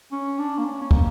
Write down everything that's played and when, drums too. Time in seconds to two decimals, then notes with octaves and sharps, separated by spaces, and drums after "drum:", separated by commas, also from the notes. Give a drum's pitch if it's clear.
0.12 C#4
0.39 D4
0.58 A#3
0.65 C#4
0.82 C#4
0.91 A#3, drum: kick